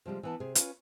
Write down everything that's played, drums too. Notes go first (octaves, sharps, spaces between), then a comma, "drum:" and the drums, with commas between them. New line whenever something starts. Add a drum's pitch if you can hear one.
C3 F3 G3 G#3
E3 B3 A5
C3 G#4
C#4 F4 B4, drum: hi-hat